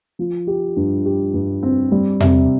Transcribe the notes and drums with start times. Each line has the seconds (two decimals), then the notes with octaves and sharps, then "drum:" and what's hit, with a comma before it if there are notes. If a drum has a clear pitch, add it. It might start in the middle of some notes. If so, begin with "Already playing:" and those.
0.19 F3
0.47 G4
0.76 G2
1.05 G4
1.34 G2
1.63 C4
1.91 G3
2.20 C3, drum: tom E2